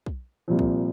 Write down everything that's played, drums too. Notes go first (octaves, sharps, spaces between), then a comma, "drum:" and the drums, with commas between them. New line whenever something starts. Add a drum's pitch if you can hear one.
drum: kick
C2 A#2 F3
drum: kick